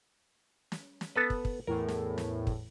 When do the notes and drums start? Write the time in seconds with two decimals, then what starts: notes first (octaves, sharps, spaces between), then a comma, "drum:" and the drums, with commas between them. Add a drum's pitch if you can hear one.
0.72 drum: snare
1.01 drum: snare
1.16 B3 A4 B4
1.30 drum: kick
1.45 drum: kick
1.67 E2 A2 A#4
1.88 drum: snare
2.18 drum: snare
2.47 drum: kick